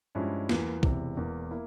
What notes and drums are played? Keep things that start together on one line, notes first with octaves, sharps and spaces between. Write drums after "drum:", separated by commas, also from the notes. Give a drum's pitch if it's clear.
G2 F3 G#3 C#4 E4
E2 E3 A#3, drum: snare
E1 E2 C3 E3, drum: kick
E1 E2 E3 A#3
A#3 E4